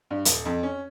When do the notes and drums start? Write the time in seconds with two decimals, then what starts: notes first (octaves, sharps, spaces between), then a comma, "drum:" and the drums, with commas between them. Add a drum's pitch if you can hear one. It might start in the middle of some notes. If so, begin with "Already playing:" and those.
0.11 G2
0.25 D#1, drum: hi-hat
0.45 F2
0.63 C#4